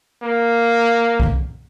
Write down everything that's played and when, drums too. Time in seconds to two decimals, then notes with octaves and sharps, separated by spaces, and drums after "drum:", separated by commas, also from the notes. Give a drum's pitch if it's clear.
0.23 A#3
1.20 drum: kick C2